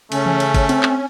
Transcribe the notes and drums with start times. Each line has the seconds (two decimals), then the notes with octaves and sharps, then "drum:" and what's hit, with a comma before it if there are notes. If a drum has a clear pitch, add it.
0.12 C#3 A3 C#4, drum: cymbal
0.26 drum: tom E3
0.40 drum: cymbal
0.54 drum: kick, cymbal
0.69 C4, drum: cymbal
0.83 drum: clap